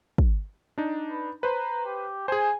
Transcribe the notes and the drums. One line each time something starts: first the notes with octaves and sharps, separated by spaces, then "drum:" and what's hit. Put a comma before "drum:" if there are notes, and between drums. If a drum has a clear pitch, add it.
drum: kick
D4 D#4
B4
B4 C5 A#5
G4
G#4 C5 G#5